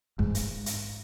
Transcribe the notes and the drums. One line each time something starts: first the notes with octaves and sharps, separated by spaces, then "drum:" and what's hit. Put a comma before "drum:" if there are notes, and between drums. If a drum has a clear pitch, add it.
G#2, drum: kick
drum: hi-hat
drum: hi-hat